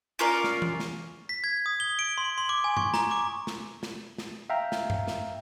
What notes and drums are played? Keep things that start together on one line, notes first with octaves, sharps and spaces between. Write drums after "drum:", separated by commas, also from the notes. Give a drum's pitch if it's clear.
C#4 F4 A#4 D5
drum: snare
drum: tom E3
drum: snare
B6
G#6
D#6
G7
D7
C6
C6
D6
G#5
C#6, drum: tom G2
A#5, drum: snare
D6
drum: snare
drum: snare
drum: snare
E5 F5 G5 A#5
drum: snare
drum: tom G2
drum: snare